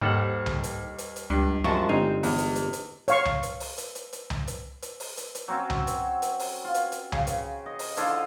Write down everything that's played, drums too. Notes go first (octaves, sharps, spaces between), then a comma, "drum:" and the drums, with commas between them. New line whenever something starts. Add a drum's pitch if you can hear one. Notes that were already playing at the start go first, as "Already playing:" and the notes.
D#2 G#2 G3 A4 F#5
drum: tom C2
drum: hi-hat
drum: hi-hat
drum: hi-hat
C#2 G2
F#2 F3 G3 G#3 A5 C#6
G1 C4 D#4 F5 G#5
E2, drum: open hi-hat
drum: hi-hat
drum: hi-hat
drum: hi-hat
C#5 F5 C#6, drum: hi-hat
drum: tom C2
drum: hi-hat
drum: open hi-hat
drum: hi-hat
drum: hi-hat
drum: hi-hat
drum: tom C2
drum: hi-hat
drum: hi-hat
drum: open hi-hat
drum: hi-hat
drum: hi-hat
F#3 C4 C#4
drum: tom C2
drum: hi-hat
drum: hi-hat
drum: open hi-hat
F4
drum: hi-hat
drum: hi-hat
C#3, drum: tom C2
drum: hi-hat
D#5
drum: open hi-hat
D3 E4 F4 C5, drum: hi-hat